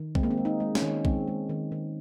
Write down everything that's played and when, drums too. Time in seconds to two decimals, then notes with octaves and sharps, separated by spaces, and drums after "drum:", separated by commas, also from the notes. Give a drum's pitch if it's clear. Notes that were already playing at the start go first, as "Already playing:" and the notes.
Already playing: D#3
0.15 G#3 C4, drum: kick
0.23 A#3
0.31 C4
0.37 G#3
0.45 D#4
0.60 G#3
0.75 C#4, drum: snare
0.82 D#3
1.05 G#3 C4, drum: kick
1.27 G#3
1.49 D#3
1.72 D#3